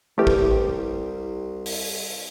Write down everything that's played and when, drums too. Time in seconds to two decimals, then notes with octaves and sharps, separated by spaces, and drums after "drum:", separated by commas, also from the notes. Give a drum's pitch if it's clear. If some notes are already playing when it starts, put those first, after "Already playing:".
0.18 C2 A3 E4 G4 A4 B4
0.27 drum: kick
1.66 drum: open hi-hat